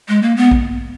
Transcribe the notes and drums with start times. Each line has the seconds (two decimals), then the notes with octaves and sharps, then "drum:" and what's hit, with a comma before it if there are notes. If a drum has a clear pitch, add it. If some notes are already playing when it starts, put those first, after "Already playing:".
0.08 G#3
0.23 A#3
0.37 B3
0.51 drum: kick A#1